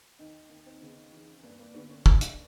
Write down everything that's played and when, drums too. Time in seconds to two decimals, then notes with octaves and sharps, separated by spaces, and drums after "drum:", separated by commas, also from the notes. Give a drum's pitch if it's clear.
0.19 D#2 D#4
0.49 D#2
0.66 C4
0.81 C#3 B3
1.12 E3
1.43 G2 A#3
1.59 A#3
1.74 D3 B3
1.89 C#4
2.06 D3 D4, drum: kick
2.21 drum: hi-hat